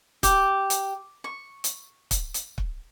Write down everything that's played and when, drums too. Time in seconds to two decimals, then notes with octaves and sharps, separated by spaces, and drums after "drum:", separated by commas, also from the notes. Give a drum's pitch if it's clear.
0.23 G4, drum: kick, hi-hat
0.70 drum: hi-hat
1.24 C#6
1.64 drum: hi-hat
2.11 drum: kick, hi-hat
2.34 drum: hi-hat
2.58 drum: kick